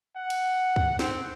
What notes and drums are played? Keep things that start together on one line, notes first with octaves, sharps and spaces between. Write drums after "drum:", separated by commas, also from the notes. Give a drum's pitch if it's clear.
F#5
drum: cymbal
drum: kick
C4, drum: snare